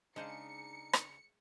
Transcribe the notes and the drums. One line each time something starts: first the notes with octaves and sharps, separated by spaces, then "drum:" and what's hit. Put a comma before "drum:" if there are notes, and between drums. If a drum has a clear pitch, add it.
C#3 G#3 D4 D#4 G#4 C5 C#7
drum: rim click